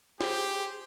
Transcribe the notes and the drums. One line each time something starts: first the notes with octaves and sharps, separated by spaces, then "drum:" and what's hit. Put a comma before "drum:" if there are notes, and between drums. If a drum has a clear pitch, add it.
G4 G#4 C5, drum: snare